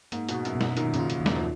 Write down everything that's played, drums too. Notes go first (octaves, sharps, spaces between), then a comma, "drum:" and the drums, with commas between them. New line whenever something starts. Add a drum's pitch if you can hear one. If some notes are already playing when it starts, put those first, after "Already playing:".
G#2 A#3, drum: hi-hat
G#2 B2, drum: hi-hat
F#4
F#2, drum: hi-hat
B2
G#2, drum: snare
F#2 A#2 D#3, drum: hi-hat
A#2 C#3, drum: hi-hat
F4
drum: hi-hat
D#2
F#2 A#2, drum: snare
F3